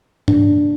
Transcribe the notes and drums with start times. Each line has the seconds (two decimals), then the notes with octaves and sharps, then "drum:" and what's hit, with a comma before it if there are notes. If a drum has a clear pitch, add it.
0.28 C3 G3 A#3 D4, drum: tom G2